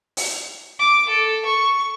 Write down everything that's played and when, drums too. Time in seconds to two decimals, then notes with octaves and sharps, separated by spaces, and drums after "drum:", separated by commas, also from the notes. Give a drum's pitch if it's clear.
0.17 drum: open hi-hat
0.79 D6
1.09 A4
1.46 C#6